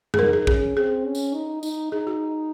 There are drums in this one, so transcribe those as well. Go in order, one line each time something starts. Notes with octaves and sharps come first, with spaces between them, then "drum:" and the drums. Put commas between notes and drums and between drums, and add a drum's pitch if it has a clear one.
G#4, drum: tom
D#4 A#4
G#4
C#4 G#4, drum: kick
C4 G#4
C#4
drum: tambourine
D#4
D#4, drum: tambourine
D#4 G#4
F#4